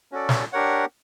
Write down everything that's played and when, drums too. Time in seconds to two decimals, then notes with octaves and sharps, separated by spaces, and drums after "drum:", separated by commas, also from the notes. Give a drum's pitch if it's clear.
0.12 C#4 F#4 A4 D5
0.29 drum: snare
0.53 D4 G4 A#4 C#5 F#5